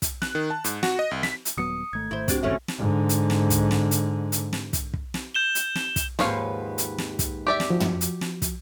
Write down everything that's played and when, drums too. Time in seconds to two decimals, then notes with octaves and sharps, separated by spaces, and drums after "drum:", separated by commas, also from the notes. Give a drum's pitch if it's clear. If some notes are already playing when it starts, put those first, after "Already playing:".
0.02 drum: kick, hi-hat
0.22 F#6, drum: snare
0.35 D#3
0.50 A5
0.64 G#2, drum: hi-hat
0.83 F#4, drum: snare
0.99 D#5
1.11 C2
1.23 B6, drum: snare
1.45 drum: hi-hat
1.58 D#1 F#3 B3 D#6 C#7
1.93 G#1 A3 G#6
2.11 G#1 E4 C5
2.28 C4 D4 F#4 G4, drum: kick, hi-hat
2.43 F#1 E2 A2 D3 A3 C#4 E5
2.68 drum: snare
2.78 G#2 D3
3.09 drum: hi-hat
3.30 drum: snare
3.50 drum: kick, hi-hat
3.71 drum: snare
3.91 drum: hi-hat
4.32 drum: hi-hat
4.53 drum: snare
4.73 drum: kick, hi-hat
4.94 drum: kick
5.14 drum: snare
5.35 G6 E7 G7
5.55 drum: hi-hat
5.75 drum: snare
5.96 drum: kick, hi-hat
6.19 D#2 G#2 F3 B4 C#5 F5, drum: snare
6.78 drum: hi-hat
6.98 drum: snare
7.19 drum: kick, hi-hat
7.47 G4 D5 E5 D6
7.60 drum: snare
7.70 F3 F#4
7.80 drum: tom
8.01 drum: hi-hat
8.21 drum: snare
8.42 drum: kick, hi-hat